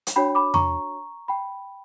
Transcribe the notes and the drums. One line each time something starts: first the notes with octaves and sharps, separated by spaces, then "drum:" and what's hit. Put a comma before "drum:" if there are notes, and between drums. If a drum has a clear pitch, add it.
drum: hi-hat
D4 F#4 C#5 G5 B5
B5 D6
A#5 C#6, drum: tom E2
G5 B5